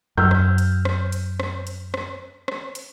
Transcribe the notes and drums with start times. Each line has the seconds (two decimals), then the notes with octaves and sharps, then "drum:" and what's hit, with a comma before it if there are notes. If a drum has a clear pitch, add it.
0.18 F#2 E6 F6 G6
0.31 drum: rim click
0.58 drum: hi-hat
0.85 drum: rim click
1.12 drum: hi-hat
1.40 drum: rim click
1.67 drum: hi-hat
1.94 drum: rim click
2.48 drum: rim click
2.75 drum: hi-hat